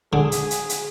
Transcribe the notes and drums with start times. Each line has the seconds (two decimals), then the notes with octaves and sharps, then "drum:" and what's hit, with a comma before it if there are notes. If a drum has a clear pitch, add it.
0.13 D3 G#4
0.32 drum: hi-hat
0.51 drum: hi-hat
0.69 drum: hi-hat